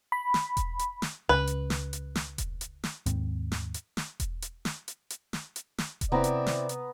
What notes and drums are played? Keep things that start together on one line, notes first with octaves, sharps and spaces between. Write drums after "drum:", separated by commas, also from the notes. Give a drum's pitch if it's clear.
B5
drum: snare
drum: kick E1, hi-hat
drum: hi-hat
drum: snare
C#2 C#3 B4
drum: hi-hat
drum: snare
drum: hi-hat
drum: snare
drum: kick E1, hi-hat
drum: hi-hat
drum: snare
D#2 G#2 C4, drum: hi-hat
drum: snare
drum: hi-hat
drum: snare
drum: kick E1, hi-hat
drum: hi-hat
drum: snare
drum: hi-hat
drum: hi-hat
drum: snare
drum: hi-hat
drum: snare
drum: kick E1, hi-hat
C3 B3 C4 E4 D5 A#5
drum: hi-hat
drum: snare
drum: hi-hat